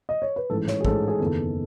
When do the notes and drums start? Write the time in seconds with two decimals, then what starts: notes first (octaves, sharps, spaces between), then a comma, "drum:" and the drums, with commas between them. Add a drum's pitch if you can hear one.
0.09 D#5
0.22 C#5
0.36 B4
0.50 A1 G#2 E3 A4
0.68 C#5, drum: snare
0.81 G#4
0.85 A1 G#2 E3 A4, drum: kick
1.08 G#4
1.20 F#1 E2 D#3 A4